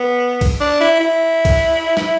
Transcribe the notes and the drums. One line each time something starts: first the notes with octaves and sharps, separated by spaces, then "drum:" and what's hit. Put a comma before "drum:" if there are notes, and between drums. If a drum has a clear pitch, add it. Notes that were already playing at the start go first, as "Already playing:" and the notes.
Already playing: B3
drum: kick, cymbal
D4
E4
E4
drum: kick, cymbal
drum: snare